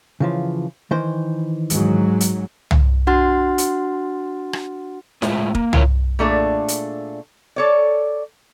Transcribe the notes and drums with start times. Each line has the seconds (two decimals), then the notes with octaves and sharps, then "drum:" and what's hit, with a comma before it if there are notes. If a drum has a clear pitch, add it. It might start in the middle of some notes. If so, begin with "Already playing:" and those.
0.20 C#3 E3 F3
0.91 D#3 E3 C5
1.70 G#2 F#3, drum: hi-hat
2.20 drum: hi-hat
2.71 drum: tom C2
3.07 D4 F#4 F#5 C6 F6 A6
3.58 drum: hi-hat
4.53 drum: rim click
5.22 A2 G#3 E4 F4, drum: snare E4
5.55 A#3, drum: kick
5.73 E4 F4 A4 A#4 C#5, drum: tom C2
6.19 A#2 A3 D4 G#4
6.68 drum: hi-hat
7.56 A4 C#5 D5